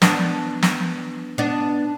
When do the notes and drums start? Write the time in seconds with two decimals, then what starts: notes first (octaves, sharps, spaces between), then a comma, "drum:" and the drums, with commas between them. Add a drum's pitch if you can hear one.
0.02 B3 D4, drum: snare
0.63 drum: snare
1.38 B3 D4